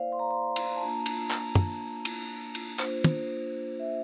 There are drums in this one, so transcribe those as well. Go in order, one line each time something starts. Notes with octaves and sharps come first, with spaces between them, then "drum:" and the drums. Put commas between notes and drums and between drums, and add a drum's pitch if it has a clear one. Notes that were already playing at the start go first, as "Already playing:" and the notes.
Already playing: A#3 E4 C5 D5 F5
C6
A#5
C6
drum: cymbal
A5
A#3 D4 F4 A#5
drum: cymbal
drum: clap
drum: tom
drum: cymbal
drum: cymbal
A#3 D4 F4 C5, drum: clap
drum: tom
E5